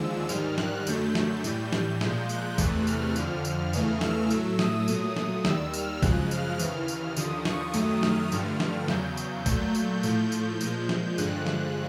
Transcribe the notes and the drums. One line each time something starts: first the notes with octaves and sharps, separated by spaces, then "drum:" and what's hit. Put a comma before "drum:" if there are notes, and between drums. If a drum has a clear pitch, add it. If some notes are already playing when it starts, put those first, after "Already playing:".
Already playing: D#2 D3 F3 G#3 E6
G#2 D#3 G3 F6, drum: tambourine
F#6, drum: snare
F#2 D3 F#3 A3 G6, drum: tambourine
drum: snare
A2 E3 G3, drum: tambourine
G6, drum: snare
A#2 F3 G#3, drum: snare
F#6, drum: tambourine
E2 C3 E3 A3, drum: kick, tambourine
F6, drum: tambourine
F2 D3 F3, drum: tambourine
F6, drum: tambourine
E2 C#3 E3 A3, drum: tambourine
E6, drum: snare
A2 F#3 A3, drum: tambourine
D#6, drum: snare
A#2 F#3 A3, drum: tambourine
D#6, drum: snare
D#2 D#3 G3 E6, drum: snare
F6, drum: tambourine
F#2 C#3 F3 G#3 F#6, drum: kick, tambourine
F6, drum: tambourine
D#2 C#3 E3, drum: tambourine
drum: tambourine
D#2 D3 F3 D#6, drum: tambourine
C#6, drum: snare
F#2 D#3 F#3 A3 D#6, drum: tambourine
F6, drum: snare
G2 D3 F3 A3, drum: tambourine
drum: snare
E2 C#3 F#3 G6, drum: snare
drum: tambourine
A#2 F#3 A3 G6, drum: kick, tambourine
drum: tambourine
A2 F3 A3 G6, drum: tambourine
drum: tambourine
A#2 F3 G#3, drum: tambourine
drum: snare
G2 D3 F3 G#3 F#6, drum: tambourine
drum: snare